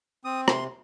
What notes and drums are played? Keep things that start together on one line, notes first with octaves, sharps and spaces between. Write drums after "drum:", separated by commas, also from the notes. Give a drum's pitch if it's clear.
C4 D#6
C3 C6, drum: rim click